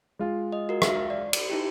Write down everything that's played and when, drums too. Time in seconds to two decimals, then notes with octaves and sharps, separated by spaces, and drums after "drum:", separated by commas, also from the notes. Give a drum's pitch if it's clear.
0.19 G#3 F4
0.52 D#5
0.69 F#4 A#4
0.82 E5 F5, drum: rim click
1.10 D5
1.33 drum: cymbal
1.50 D#4 E4 G4